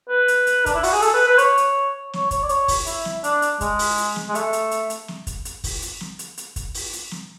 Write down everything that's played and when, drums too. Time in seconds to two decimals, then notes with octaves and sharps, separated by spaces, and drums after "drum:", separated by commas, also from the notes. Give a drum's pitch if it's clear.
0.09 B4
0.28 drum: hi-hat
0.47 drum: hi-hat
0.66 D4, drum: kick, hi-hat
0.75 E4
0.83 F#4, drum: open hi-hat
0.93 G#4
1.02 A4, drum: hi-hat
1.14 B4
1.27 B4
1.38 C#5, drum: hi-hat
1.57 drum: hi-hat
2.13 C#5, drum: snare
2.31 C#5, drum: kick, hi-hat
2.43 D5
2.49 C#5, drum: hi-hat
2.68 drum: kick, open hi-hat
2.87 E4, drum: hi-hat
3.05 drum: snare
3.24 D4, drum: hi-hat
3.42 drum: hi-hat
3.61 G#3, drum: kick, hi-hat
3.79 drum: open hi-hat
3.97 drum: hi-hat
4.16 drum: snare
4.29 G#3
4.35 A3, drum: hi-hat
4.53 drum: hi-hat
4.71 drum: hi-hat
4.90 drum: hi-hat
5.08 drum: snare
5.27 drum: kick, hi-hat
5.45 drum: hi-hat
5.64 drum: kick, open hi-hat
5.82 drum: hi-hat
6.01 drum: snare
6.19 drum: hi-hat
6.37 drum: hi-hat
6.56 drum: kick, hi-hat
6.74 drum: open hi-hat
6.93 drum: hi-hat
7.11 drum: snare